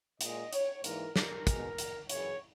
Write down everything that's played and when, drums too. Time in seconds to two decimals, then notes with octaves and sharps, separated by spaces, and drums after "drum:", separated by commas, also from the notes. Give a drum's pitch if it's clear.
0.21 A#2 G#3 D#5, drum: hi-hat
0.53 C#5, drum: hi-hat
0.84 G#2 E3 A#3 A#4, drum: hi-hat
1.16 A#4, drum: snare
1.47 B2 G#3, drum: kick, hi-hat
1.78 drum: hi-hat
2.09 F#2 C#3 E3 C#5, drum: hi-hat